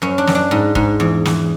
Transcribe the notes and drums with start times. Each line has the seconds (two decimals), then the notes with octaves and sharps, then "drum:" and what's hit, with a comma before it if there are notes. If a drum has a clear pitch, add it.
0.02 F#2 C#4
0.18 D4
0.27 F#2, drum: snare
0.35 D4
0.51 G#2
0.75 G#2, drum: kick
1.00 E2
1.25 E2, drum: snare